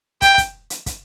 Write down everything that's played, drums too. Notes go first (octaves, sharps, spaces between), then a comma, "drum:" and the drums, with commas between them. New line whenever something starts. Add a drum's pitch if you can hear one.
G5, drum: kick, hi-hat
drum: kick, hi-hat
drum: hi-hat
drum: kick, hi-hat